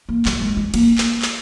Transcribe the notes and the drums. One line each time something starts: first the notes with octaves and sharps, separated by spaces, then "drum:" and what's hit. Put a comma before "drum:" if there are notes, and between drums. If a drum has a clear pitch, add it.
A#3
F#3, drum: clap
G#3
G#3
A#3, drum: cymbal
drum: clap
drum: clap